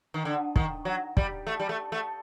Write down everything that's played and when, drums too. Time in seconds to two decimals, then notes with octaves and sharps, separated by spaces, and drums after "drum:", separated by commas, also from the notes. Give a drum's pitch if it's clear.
0.14 D#3
0.25 D3
0.56 D#3, drum: kick
0.85 F#3
1.17 G3, drum: kick
1.47 A3
1.60 G3
1.69 A3
1.92 A3